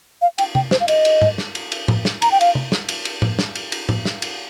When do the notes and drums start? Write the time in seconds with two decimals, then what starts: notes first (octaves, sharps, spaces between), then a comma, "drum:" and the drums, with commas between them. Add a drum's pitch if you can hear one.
0.22 F5
0.38 G5, drum: cymbal
0.55 G5, drum: tom
0.71 C5, drum: snare
0.80 F5
0.88 D#5, drum: cymbal
1.05 drum: cymbal
1.22 drum: tom
1.38 drum: snare
1.55 drum: cymbal
1.72 drum: cymbal
1.88 drum: tom A2
2.05 drum: snare
2.22 A#5, drum: cymbal
2.31 G5
2.41 F5, drum: cymbal
2.55 drum: tom
2.72 drum: snare
2.89 drum: cymbal
3.05 drum: cymbal
3.22 drum: tom A2
3.39 drum: snare
3.55 drum: cymbal
3.72 drum: cymbal
3.89 drum: tom A2
4.05 drum: snare
4.22 drum: cymbal